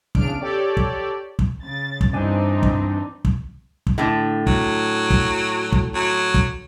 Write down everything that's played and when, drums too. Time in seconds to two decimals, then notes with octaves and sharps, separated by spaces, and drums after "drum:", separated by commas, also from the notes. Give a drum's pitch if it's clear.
0.15 E2 C#3 D4 F6 D7, drum: kick
0.41 G4 A4 C#5 D5
0.77 drum: kick
1.39 drum: kick
1.63 C#3 A6
2.01 drum: kick
2.13 G2 E3 C4 D4 D#4 G#5
2.63 drum: kick
3.25 drum: kick
3.87 drum: kick
3.98 A2 D3
4.47 F#3, drum: kick
5.10 drum: kick
5.72 drum: kick
5.95 F#3
6.34 drum: kick